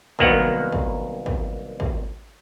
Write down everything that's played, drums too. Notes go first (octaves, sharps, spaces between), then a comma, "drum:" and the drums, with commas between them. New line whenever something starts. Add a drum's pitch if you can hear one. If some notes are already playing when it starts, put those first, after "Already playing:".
C2 D#3 F#3 A#3 B3 F#5, drum: kick
drum: kick
drum: kick
drum: kick